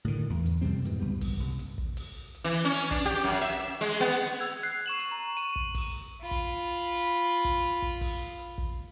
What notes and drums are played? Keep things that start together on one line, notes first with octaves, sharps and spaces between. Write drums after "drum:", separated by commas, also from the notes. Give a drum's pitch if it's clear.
A2 D3 D#3
E2
drum: hi-hat
F2 C3 G3 C4
G#2 B2 E3, drum: hi-hat
C#2 G2 G3 B3
drum: kick, open hi-hat
C2
drum: hi-hat
drum: kick
drum: open hi-hat
drum: hi-hat
E3
C#4
D4, drum: kick
G4
F#2
E5
G#3
B3
drum: open hi-hat
E6 G#6 F7
F#6 C7, drum: hi-hat
C#6 E7 F#7
drum: hi-hat
A#5
D#7, drum: hi-hat
drum: kick
drum: kick, open hi-hat
F4 B5
drum: kick
drum: hi-hat
drum: hi-hat
drum: kick
drum: hi-hat
drum: kick
drum: kick, open hi-hat
drum: hi-hat
drum: kick